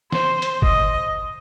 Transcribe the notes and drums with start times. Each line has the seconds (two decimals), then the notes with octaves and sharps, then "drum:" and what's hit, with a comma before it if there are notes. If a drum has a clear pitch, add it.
0.12 C5, drum: snare
0.42 drum: hi-hat
0.62 D#5, drum: kick G1